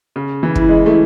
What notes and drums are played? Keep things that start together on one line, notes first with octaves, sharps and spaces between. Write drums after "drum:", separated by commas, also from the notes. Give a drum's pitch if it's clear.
C#3
E3
E4, drum: kick
G#3
A3